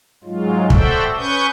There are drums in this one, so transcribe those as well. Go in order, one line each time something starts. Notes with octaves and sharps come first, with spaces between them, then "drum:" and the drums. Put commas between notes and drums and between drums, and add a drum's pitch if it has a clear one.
G#2 F#3 G#3 F4
F#4 A4 C5 D5 E5 G5, drum: kick
C#4 B4 C#6 D#6 G6